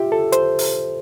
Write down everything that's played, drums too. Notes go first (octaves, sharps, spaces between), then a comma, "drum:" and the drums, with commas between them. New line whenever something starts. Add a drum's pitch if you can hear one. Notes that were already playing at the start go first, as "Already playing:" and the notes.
Already playing: F4 G4 E5
A4
C5, drum: hi-hat
drum: open hi-hat